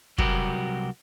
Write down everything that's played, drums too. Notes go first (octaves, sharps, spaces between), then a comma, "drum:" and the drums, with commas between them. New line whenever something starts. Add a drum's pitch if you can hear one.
C2 F#3 F#4 G4 A#4 B4, drum: kick